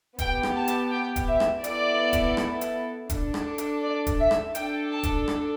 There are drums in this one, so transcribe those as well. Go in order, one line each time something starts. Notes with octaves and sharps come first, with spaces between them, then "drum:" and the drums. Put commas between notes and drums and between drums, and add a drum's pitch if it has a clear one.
B3 G4 G5, drum: kick, hi-hat
drum: rim click
A5
drum: hi-hat
G5
drum: kick, hi-hat
E5
drum: rim click
B3 E4 A4 D5, drum: hi-hat
drum: kick, hi-hat
drum: rim click
drum: hi-hat
D4 A4, drum: kick, hi-hat
drum: rim click
drum: hi-hat
D5
drum: kick, hi-hat
E5
drum: rim click
D4 A4 G5, drum: hi-hat
A5
drum: kick, hi-hat
drum: rim click